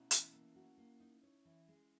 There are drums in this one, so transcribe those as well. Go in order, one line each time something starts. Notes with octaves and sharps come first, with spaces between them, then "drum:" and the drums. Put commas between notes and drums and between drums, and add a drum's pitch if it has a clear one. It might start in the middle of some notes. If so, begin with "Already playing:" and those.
Already playing: B2 C#4 E4
E3, drum: hi-hat
A#3
F#4
A#3
D#4
C#5
E3
G#3